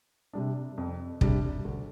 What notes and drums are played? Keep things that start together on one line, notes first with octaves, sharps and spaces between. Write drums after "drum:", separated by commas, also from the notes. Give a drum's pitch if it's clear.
C3 G3 D4
F2
C3 G3 D4, drum: kick
D2